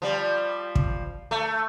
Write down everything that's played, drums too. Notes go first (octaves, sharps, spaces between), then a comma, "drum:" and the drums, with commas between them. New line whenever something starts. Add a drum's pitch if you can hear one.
F3 G3
drum: kick
A3